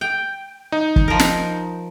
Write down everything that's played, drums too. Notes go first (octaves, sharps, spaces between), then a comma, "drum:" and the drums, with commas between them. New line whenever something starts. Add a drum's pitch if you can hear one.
G5
D#4
drum: kick
F3 A#4
drum: snare